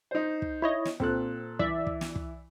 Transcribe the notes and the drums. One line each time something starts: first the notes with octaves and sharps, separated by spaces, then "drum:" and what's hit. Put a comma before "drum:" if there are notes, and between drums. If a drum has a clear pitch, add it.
D#4 C5
drum: kick
E4 C#5 D#5
drum: snare
A#2 C4 A4 F#6, drum: kick
E3 D5 E5, drum: kick
drum: kick
drum: snare
drum: kick